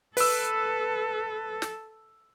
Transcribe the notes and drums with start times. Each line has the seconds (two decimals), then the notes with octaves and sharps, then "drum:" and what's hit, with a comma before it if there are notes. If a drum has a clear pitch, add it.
0.17 A4 B4 E6, drum: open hi-hat
1.62 drum: snare